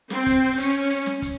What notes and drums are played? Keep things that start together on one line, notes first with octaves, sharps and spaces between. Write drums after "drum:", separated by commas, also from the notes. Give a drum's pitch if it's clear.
C4, drum: snare
drum: kick, hi-hat
C#4, drum: hi-hat
drum: hi-hat
drum: snare
drum: kick, hi-hat